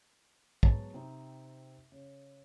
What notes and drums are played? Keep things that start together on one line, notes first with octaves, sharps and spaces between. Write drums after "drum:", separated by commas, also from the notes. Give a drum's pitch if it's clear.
G#2 F#3 B3 G#4 A5, drum: kick
C3 C4 D#4
C#3